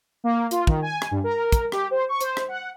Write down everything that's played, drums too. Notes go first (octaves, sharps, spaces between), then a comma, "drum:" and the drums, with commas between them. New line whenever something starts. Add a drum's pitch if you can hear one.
A#3
F4, drum: hi-hat
D#3, drum: kick
G#5
drum: rim click
G2
A#4
drum: kick, hi-hat
G4, drum: rim click
C5
C#6
C5, drum: hi-hat
drum: rim click
F#5